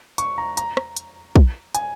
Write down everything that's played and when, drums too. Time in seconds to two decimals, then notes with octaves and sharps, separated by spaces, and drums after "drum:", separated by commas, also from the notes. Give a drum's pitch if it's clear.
0.18 C#6, drum: hi-hat
0.38 A#5
0.57 A#5, drum: hi-hat
0.77 drum: rim click
0.97 drum: hi-hat
1.36 drum: kick
1.75 G#5, drum: hi-hat